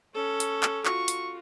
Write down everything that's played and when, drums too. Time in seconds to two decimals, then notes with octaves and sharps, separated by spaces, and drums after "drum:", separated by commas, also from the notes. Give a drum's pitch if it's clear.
0.14 C#4 A4
0.40 drum: hi-hat
0.63 drum: clap
0.85 F4 F#4 C#6, drum: clap
1.08 drum: hi-hat